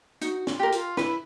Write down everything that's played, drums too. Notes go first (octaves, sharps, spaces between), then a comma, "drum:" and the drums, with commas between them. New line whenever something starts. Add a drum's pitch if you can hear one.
D#4 F#4, drum: hi-hat
F4, drum: snare
G4 A#4
F4, drum: hi-hat
E4 B4, drum: snare